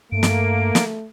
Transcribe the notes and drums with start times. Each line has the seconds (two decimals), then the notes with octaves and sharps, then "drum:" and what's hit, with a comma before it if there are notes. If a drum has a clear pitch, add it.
0.12 G2 A3 A#3 D7
0.23 drum: snare
0.75 drum: snare